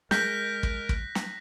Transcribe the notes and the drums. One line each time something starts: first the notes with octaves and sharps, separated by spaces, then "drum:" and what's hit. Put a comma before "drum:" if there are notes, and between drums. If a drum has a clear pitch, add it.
G#3 A#4 F#6 G6 A#6 B6, drum: snare
drum: kick
drum: kick
drum: snare